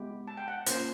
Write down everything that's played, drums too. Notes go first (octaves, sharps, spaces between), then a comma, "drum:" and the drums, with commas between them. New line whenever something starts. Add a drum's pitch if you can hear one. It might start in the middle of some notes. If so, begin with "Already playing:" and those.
Already playing: G#3 B3 E4 G4
A5
G5
F#5
A#3 C#4 F4 C5, drum: hi-hat